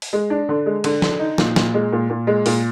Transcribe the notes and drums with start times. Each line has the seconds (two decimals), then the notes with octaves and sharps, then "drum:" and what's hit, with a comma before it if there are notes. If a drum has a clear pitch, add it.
0.02 drum: open hi-hat
0.13 G#3
0.30 D4
0.49 D3
0.66 G#3
0.84 D3, drum: cymbal
1.02 D3, drum: snare
1.19 D#4
1.38 A#2, drum: snare
1.56 A#2, drum: snare
1.74 G#3
1.92 A#2
2.10 A#2
2.27 G#3
2.46 A#2, drum: open hi-hat